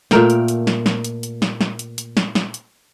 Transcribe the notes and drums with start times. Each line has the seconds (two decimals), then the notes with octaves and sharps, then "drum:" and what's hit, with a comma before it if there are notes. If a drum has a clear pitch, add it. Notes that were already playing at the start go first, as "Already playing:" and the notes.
0.11 A#2 A3 A#4 G5, drum: snare
0.30 drum: hi-hat
0.48 drum: hi-hat
0.67 drum: snare
0.86 drum: snare
1.04 drum: hi-hat
1.23 drum: hi-hat
1.42 drum: snare
1.61 drum: snare
1.79 drum: hi-hat
1.98 drum: hi-hat
2.17 drum: snare
2.35 drum: snare
2.54 drum: hi-hat